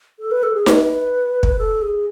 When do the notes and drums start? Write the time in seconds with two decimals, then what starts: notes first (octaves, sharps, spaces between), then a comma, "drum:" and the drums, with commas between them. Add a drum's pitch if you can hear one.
0.20 A4
0.31 B4
0.43 A4
0.54 G#4
0.66 B4, drum: snare D#4
1.43 drum: kick
1.58 A4
1.82 G#4